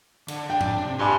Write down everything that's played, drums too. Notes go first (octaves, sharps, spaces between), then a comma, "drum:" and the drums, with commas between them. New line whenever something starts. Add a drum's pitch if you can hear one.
D3, drum: cymbal
D4 G5
drum: tom G#2
C3
G2 G4 D5 G#5 C6